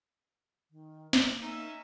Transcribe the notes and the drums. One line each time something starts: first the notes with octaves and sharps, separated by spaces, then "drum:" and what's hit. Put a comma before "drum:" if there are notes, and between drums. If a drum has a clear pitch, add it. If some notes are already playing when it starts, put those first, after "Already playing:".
D#3
A#3, drum: snare
C#4 D#4 E5